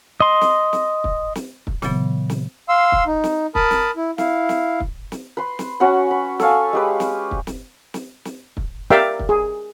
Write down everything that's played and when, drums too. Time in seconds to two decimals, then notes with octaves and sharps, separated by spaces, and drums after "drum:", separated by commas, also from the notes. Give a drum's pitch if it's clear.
0.20 D#5 C6
0.41 drum: snare
0.73 drum: snare
1.04 drum: kick
1.35 drum: snare
1.67 drum: kick
1.82 A#2 C#3 E3 F#3 B3, drum: snare
2.30 drum: snare
2.69 F5 C6 E6
2.92 drum: kick
3.06 D#4
3.24 drum: snare
3.55 A#4 A5 B5 D#6, drum: kick
3.71 drum: snare
3.96 E4
4.18 E4 F5, drum: snare
4.49 drum: snare
4.80 drum: kick
5.12 drum: snare
5.37 B4 C6
5.59 drum: snare
5.80 C#4 F#4 F#5 B5
6.11 B5
6.40 A4 C#5 F5 G#5, drum: snare
6.73 G#3 G4 B4
7.00 drum: snare
7.31 drum: kick
7.47 drum: snare
7.94 drum: snare
8.25 drum: snare
8.57 drum: kick
8.90 G4 A#4 D5 E5 F5 G5, drum: snare
9.19 drum: kick
9.29 G#4